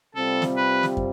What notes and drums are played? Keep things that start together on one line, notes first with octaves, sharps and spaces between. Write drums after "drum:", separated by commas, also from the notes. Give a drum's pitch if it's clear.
C3 G3 C4 F4 A4
drum: snare
B4
drum: snare
drum: kick